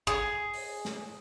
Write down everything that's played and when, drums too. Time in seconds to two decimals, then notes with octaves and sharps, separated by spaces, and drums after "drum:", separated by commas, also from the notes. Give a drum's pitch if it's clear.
0.07 G#4, drum: kick
0.54 drum: open hi-hat
0.85 drum: snare